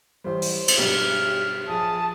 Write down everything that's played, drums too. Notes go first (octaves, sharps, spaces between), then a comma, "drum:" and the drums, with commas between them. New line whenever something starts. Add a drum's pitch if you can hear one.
A1 G3 C5
drum: open hi-hat
drum: cymbal
B1 G2 G4 F6
A#1 G#4 A5 D#6